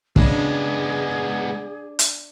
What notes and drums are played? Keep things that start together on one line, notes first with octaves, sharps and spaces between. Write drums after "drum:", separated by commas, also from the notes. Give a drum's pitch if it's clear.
C#3 G#3 B3 D4 G#4, drum: kick
drum: hi-hat